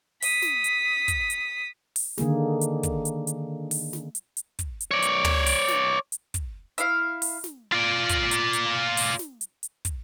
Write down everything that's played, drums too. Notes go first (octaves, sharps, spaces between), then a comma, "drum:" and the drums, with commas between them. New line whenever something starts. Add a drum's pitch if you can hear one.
D#6 B6, drum: open hi-hat
drum: snare
drum: hi-hat
drum: kick, hi-hat
drum: hi-hat
drum: open hi-hat
D3 D#3 A#3 G#4, drum: snare
drum: hi-hat
drum: kick, hi-hat
drum: hi-hat
drum: hi-hat
drum: open hi-hat
drum: snare
drum: hi-hat
drum: hi-hat
drum: kick, hi-hat
drum: hi-hat
C#5 D5
drum: hi-hat
drum: tom
drum: open hi-hat
drum: snare
drum: hi-hat
drum: kick, hi-hat
E4 F5, drum: hi-hat
drum: open hi-hat
drum: snare
F4 D5
drum: kick, hi-hat
drum: hi-hat
drum: hi-hat
drum: open hi-hat
drum: snare
drum: hi-hat
drum: hi-hat
drum: kick, hi-hat